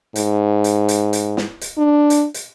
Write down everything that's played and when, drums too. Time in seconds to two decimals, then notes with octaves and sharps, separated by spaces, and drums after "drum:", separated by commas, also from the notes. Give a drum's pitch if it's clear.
0.16 G#2, drum: hi-hat
0.64 drum: hi-hat
0.88 drum: hi-hat
1.13 drum: hi-hat
1.37 drum: snare
1.61 drum: hi-hat
1.78 D4
2.10 drum: hi-hat
2.34 drum: hi-hat